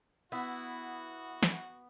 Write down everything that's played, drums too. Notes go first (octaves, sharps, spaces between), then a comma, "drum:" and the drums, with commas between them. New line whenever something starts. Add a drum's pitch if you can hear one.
B3 E4 F#4
drum: snare